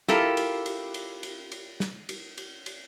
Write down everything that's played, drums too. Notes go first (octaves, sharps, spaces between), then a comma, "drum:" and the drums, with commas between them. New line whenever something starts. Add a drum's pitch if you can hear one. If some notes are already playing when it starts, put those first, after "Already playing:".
E4 F4 G4 A4 A#4, drum: snare
drum: cymbal
drum: cymbal
drum: cymbal
drum: cymbal
drum: cymbal
drum: snare
drum: cymbal
drum: cymbal
drum: cymbal